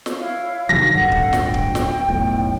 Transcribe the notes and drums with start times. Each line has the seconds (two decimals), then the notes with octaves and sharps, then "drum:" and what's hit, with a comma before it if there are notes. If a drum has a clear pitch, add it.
0.06 drum: snare
0.18 E4 C#5 F5
0.69 C2 D#3 F#3 A#6
0.94 D1 G2 A4 F5 F#5
1.12 drum: kick
1.33 drum: snare
1.44 G5
1.54 drum: kick
1.75 drum: snare
2.08 E1 B1 A2